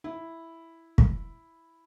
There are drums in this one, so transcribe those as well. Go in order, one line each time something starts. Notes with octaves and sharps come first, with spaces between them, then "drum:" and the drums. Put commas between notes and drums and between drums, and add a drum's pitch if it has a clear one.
E4
drum: kick